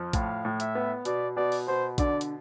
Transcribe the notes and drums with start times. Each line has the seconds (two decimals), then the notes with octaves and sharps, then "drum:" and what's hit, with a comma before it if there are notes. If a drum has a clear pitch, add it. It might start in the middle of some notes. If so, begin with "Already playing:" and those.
Already playing: F2 F3
0.13 A2 F5, drum: kick, hi-hat
0.45 A2
0.60 E5, drum: hi-hat
0.75 B3
1.05 B2 D5, drum: hi-hat
1.36 B2 D5
1.52 drum: open hi-hat
1.67 B2 C5
1.98 D3 D5, drum: kick, hi-hat
2.21 drum: hi-hat